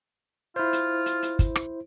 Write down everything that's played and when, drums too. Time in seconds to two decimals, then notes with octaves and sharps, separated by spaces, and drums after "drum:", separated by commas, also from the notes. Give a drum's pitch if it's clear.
0.56 E4 F4 C5
0.73 drum: hi-hat
1.06 drum: hi-hat
1.22 drum: hi-hat
1.39 drum: kick, hi-hat
1.56 drum: rim click